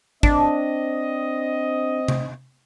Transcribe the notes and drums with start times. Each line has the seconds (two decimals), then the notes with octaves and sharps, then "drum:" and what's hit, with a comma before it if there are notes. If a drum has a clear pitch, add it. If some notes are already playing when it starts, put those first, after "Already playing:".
0.23 C4 D4 D#5, drum: kick
2.08 drum: tom C3